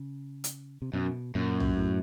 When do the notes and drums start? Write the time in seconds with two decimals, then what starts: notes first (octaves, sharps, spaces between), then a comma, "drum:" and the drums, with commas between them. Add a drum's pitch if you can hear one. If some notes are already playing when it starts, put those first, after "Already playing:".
Already playing: C#3
0.44 drum: hi-hat
0.82 C3
0.93 F#2 B2
1.35 F#2 A#2
1.60 drum: tom
1.77 A2